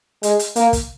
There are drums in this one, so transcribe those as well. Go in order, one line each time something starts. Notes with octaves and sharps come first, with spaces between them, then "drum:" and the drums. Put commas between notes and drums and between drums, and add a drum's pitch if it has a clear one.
G#3, drum: hi-hat
drum: hi-hat
A#3, drum: hi-hat
drum: kick, hi-hat